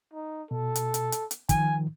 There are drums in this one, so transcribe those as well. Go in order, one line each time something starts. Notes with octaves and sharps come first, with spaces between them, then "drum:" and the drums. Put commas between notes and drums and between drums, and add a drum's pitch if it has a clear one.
D#4
B2 A4
drum: hi-hat
drum: hi-hat
drum: hi-hat
drum: hi-hat
D#3 F3 G#5, drum: kick, hi-hat